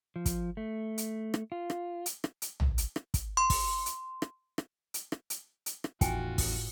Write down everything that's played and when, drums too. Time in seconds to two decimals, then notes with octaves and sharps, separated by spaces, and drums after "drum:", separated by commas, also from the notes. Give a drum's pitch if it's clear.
0.16 F3
0.26 drum: kick, hi-hat
0.57 A3
0.98 drum: hi-hat
1.34 drum: rim click
1.52 F4
1.70 drum: rim click
2.06 drum: hi-hat
2.24 drum: rim click
2.42 drum: hi-hat
2.60 drum: tom A#1
2.78 drum: hi-hat
2.96 drum: rim click
3.14 drum: kick, hi-hat
3.37 C6
3.50 drum: kick, open hi-hat
3.86 drum: hi-hat
4.22 drum: rim click
4.58 drum: rim click
4.94 drum: hi-hat
5.12 drum: rim click
5.30 drum: hi-hat
5.66 drum: hi-hat
5.84 drum: rim click
6.01 E2 A2 D#3 F4 F#4 G5 G#5, drum: kick, hi-hat
6.38 drum: kick, open hi-hat